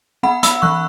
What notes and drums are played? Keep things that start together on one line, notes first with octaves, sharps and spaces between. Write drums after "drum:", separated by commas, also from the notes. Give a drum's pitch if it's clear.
B3 F#5 B5
B3 B5 E6, drum: hi-hat
E3 C#6 F#6